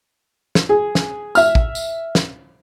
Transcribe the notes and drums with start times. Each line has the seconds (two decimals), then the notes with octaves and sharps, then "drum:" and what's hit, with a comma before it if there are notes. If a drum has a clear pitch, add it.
0.55 drum: snare
0.69 G#4
0.95 drum: snare
1.35 E5 F6, drum: tambourine
1.55 drum: kick
1.75 drum: tambourine
2.15 drum: snare